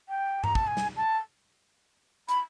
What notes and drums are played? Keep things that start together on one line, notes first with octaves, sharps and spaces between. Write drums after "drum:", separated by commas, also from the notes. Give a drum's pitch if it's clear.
G5
A#5, drum: tom G2
A5, drum: kick
G#5
drum: snare
A5
B5, drum: hi-hat